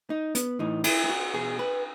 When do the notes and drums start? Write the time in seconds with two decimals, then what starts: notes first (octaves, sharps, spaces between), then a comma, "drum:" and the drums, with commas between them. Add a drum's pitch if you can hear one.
0.10 D#4
0.35 B3, drum: hi-hat
0.59 A2 E3 D#4
0.84 E4, drum: cymbal
1.04 E4
1.09 F#4
1.34 B2 G#4
1.59 B4